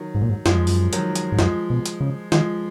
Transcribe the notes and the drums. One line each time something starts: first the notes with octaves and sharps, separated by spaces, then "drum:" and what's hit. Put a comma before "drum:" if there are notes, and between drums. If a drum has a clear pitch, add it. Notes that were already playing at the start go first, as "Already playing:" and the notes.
Already playing: D#3 F#3
G#2
A#2
G#2
F#2 F3 G#3, drum: snare
F2
F#2, drum: open hi-hat
D#3 F#3, drum: hi-hat
drum: hi-hat
G#2
F#2 F3 G#3, drum: snare
B2
drum: hi-hat
C#3
D#3 F3 G#3, drum: snare